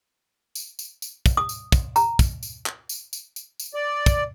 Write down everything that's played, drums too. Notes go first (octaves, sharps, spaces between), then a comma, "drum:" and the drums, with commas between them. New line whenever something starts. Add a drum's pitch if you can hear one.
drum: tambourine
drum: tambourine
drum: tambourine
drum: kick, tambourine
D#6
drum: tambourine
drum: kick, tambourine
A#5, drum: tambourine
drum: kick, tambourine
drum: tambourine
drum: clap
drum: tambourine
drum: tambourine
drum: tambourine
drum: tambourine
D5
drum: kick, tambourine